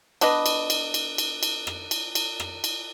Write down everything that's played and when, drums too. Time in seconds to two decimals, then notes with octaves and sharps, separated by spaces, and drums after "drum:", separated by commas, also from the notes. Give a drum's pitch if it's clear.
0.21 B3 D4 B4 D#5, drum: cymbal
0.46 drum: cymbal
0.70 drum: cymbal
0.94 drum: cymbal
1.18 drum: cymbal
1.43 drum: cymbal
1.67 drum: rim click
1.91 drum: cymbal
2.15 drum: cymbal
2.40 drum: rim click
2.64 drum: cymbal